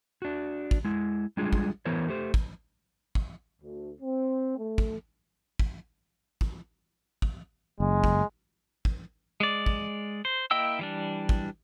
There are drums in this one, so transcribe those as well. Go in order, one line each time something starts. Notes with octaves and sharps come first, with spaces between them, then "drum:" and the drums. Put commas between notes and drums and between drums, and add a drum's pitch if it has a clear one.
D4 F#4
drum: kick
G#3 E4
G3 G#3 D4 F4 G#4
drum: kick
E3 B3 E4 A#4 C5 C#5
A3 G4 C5
drum: kick
drum: kick
D2
C4
A3
drum: kick
drum: kick
drum: kick
drum: kick
F#1 G#3
drum: kick
drum: kick
G#3 D5
drum: kick
C5
A#3 E4 D#5 G5 E6
E3 G3 D4
drum: kick